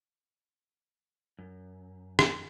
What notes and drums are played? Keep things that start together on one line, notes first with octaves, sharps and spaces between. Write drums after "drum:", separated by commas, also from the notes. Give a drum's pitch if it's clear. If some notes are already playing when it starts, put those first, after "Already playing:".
F#2
drum: rim click